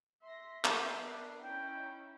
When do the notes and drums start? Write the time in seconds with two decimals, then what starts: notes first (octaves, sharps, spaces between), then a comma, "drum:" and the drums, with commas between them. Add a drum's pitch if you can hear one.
0.23 E5 C6 A#6
0.65 B3 G4 A#4 C7, drum: clap
1.02 D4
1.43 C#4 D#4 E4 G5